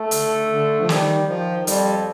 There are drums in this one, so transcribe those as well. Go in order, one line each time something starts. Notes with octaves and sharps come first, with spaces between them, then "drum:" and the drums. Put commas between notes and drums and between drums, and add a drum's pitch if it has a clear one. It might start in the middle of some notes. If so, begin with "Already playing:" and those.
Already playing: A3
D3, drum: hi-hat
D3
D3
F3
D#3 G3, drum: snare
D#3 F3
F2 G3, drum: hi-hat